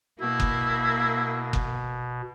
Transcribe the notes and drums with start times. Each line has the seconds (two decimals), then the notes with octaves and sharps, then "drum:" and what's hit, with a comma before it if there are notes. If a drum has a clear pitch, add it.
0.21 B2 A#3 E4
0.40 drum: kick F#1
1.53 drum: kick F#1